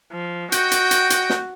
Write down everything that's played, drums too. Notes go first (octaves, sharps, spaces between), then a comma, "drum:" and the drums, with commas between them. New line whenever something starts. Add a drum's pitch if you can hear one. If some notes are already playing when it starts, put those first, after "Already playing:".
F3
F#4 D#5 F#5 G5, drum: hi-hat
drum: hi-hat
drum: hi-hat
drum: hi-hat
drum: snare